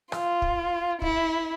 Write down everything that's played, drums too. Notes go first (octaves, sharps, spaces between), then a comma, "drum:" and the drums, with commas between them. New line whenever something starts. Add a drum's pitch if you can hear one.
F4, drum: rim click
drum: kick
E4, drum: kick